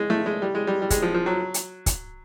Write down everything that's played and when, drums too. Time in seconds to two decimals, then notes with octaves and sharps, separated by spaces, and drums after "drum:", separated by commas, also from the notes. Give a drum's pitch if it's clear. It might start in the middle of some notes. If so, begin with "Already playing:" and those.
Already playing: G#3
0.10 A3
0.26 G#3
0.42 G3
0.55 G#3
0.67 G3
0.82 G3
0.90 G#3, drum: kick, hi-hat
1.02 F3
1.14 F3
1.26 F#3
1.54 drum: hi-hat
1.86 drum: kick, hi-hat